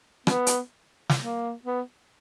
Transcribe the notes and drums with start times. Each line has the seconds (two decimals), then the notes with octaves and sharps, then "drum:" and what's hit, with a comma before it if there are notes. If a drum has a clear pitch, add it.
0.27 B3, drum: rim click
0.47 drum: hi-hat
1.09 drum: snare
1.19 A#3
1.65 B3